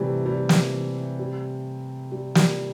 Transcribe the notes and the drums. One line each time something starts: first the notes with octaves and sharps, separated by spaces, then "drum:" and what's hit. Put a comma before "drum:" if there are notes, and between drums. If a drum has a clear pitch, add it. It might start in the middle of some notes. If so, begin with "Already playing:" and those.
Already playing: C3 E3 G3 A3 C4
G3
drum: snare
G3
G3
G3, drum: snare